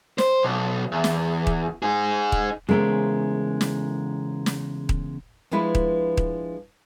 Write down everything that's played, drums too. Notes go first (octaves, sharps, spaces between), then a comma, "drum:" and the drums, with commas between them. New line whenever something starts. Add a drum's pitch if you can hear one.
C5, drum: snare
B1
E2
drum: snare
drum: kick D#1
D#4 G#4
drum: kick D#1
E2 C#3 G#3 A3 A#4 C5
drum: snare
drum: snare
drum: kick D#1
F3 G#3 D4 E4 B4
drum: kick D#1
drum: kick D#1